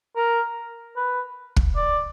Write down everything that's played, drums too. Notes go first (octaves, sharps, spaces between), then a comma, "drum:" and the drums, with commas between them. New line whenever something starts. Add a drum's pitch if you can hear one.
A#4
B4
drum: kick
D5